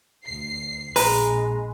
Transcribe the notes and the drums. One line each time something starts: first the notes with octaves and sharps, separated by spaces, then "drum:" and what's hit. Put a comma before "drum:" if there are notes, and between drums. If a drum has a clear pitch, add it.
D2 C7
A#1 G#3 B4 A#5, drum: open hi-hat